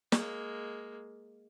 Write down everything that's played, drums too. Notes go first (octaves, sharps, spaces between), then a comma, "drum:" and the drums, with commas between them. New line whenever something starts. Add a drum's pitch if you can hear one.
G#3 A#3, drum: snare